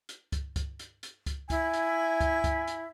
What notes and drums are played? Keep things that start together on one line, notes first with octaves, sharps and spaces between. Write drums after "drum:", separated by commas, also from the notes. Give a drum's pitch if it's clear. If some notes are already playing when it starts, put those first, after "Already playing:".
drum: hi-hat
drum: kick C#2, hi-hat
drum: kick C#2, hi-hat
drum: hi-hat
drum: hi-hat
drum: kick C#2, hi-hat
E4 G#5, drum: kick C#2, hi-hat
drum: hi-hat
drum: kick C#2, hi-hat
drum: kick C#2, hi-hat
drum: hi-hat